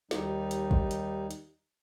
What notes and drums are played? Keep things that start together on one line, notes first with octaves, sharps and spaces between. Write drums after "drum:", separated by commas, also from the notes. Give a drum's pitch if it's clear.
D#2 G3 D#4, drum: snare
drum: hi-hat
drum: kick
drum: hi-hat
drum: hi-hat